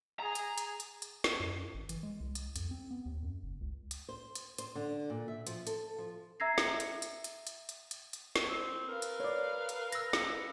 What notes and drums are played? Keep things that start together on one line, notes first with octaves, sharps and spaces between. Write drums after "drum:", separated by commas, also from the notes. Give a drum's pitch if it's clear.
G#4 A#5
drum: hi-hat
drum: hi-hat
drum: hi-hat
drum: hi-hat
drum: snare
F#2
G#1
E3, drum: hi-hat
G#3
C2
drum: hi-hat
F2, drum: hi-hat
C4
B3
D#2
F#2
F#1
C#2
drum: hi-hat
C5
drum: hi-hat
C5, drum: hi-hat
D3
A#2
E5
F3, drum: hi-hat
A4, drum: hi-hat
F3
E5 A#5 E6 G#6 A#6 C7
drum: snare
drum: hi-hat
drum: hi-hat
drum: hi-hat
drum: hi-hat
drum: hi-hat
drum: hi-hat
drum: hi-hat
drum: snare
C4
A#4 B4 F5
drum: hi-hat
C#5 D5
drum: hi-hat
E6 A#6, drum: hi-hat
drum: snare